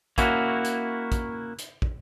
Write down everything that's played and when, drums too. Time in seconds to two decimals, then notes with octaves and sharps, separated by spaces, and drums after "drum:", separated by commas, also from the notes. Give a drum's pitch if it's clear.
0.18 A#3 C#4 E4 F#4, drum: kick, hi-hat
0.65 drum: hi-hat
1.12 drum: kick, hi-hat
1.59 drum: hi-hat
1.82 drum: kick